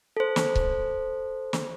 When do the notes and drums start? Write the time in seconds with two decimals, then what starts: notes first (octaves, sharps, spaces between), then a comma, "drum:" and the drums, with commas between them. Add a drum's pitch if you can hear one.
0.17 A4 C5
0.36 drum: snare
0.56 drum: kick C#1
1.53 drum: snare